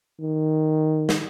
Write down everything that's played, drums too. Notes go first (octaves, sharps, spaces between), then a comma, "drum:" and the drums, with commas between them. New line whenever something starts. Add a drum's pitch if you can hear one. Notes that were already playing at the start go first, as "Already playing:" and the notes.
D#3
drum: snare